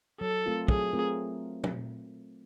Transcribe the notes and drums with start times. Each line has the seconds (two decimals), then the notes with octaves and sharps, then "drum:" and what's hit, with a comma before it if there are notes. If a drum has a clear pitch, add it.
0.21 F#3 A4
0.45 A3 C4 F4 A#4
0.68 F#3 G#4, drum: kick
0.93 A3 C4 F4 A#4
1.64 drum: tom